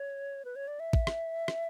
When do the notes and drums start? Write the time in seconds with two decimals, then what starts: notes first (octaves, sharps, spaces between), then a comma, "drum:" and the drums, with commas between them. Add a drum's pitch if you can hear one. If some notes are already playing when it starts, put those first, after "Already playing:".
Already playing: C#5
0.45 B4
0.56 C#5
0.68 D5
0.80 E5
0.93 drum: kick
1.07 drum: rim click
1.48 drum: rim click